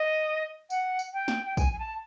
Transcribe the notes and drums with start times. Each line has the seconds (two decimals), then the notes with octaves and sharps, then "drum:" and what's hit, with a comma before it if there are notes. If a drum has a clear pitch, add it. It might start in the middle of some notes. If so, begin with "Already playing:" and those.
Already playing: D#5
0.70 F#5, drum: tambourine
0.99 drum: tambourine
1.13 G5
1.28 drum: snare
1.46 G5
1.57 G#5, drum: kick, tambourine
1.73 G#5
1.79 A5